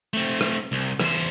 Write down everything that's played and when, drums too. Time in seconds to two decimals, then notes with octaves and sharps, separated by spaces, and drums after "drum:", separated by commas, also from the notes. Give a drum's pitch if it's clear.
0.13 A3 C4
0.41 drum: rim click
0.72 C2
1.00 E2 C5, drum: rim click